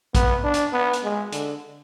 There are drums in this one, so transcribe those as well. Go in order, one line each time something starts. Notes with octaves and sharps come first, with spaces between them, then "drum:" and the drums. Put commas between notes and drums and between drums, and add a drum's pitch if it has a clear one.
B3, drum: kick A#1, hi-hat
D4
drum: hi-hat
B3
drum: hi-hat
G#3
D3, drum: hi-hat